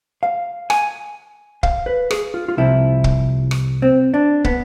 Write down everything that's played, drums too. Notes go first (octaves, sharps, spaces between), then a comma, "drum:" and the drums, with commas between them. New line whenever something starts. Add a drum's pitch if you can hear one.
F5
G#5, drum: rim click
F5, drum: kick
B4
G#4, drum: rim click
F4
F4
C2 C3 F3 E4
drum: kick
drum: rim click
C4
D4
B3, drum: kick